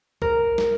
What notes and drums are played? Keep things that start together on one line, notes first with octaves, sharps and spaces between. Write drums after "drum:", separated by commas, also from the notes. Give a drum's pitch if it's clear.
A#4, drum: kick B1
drum: snare